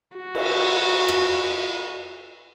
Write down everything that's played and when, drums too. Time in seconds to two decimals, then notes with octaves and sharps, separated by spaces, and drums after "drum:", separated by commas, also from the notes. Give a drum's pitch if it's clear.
0.17 F#4
0.35 drum: cymbal
1.09 drum: rim click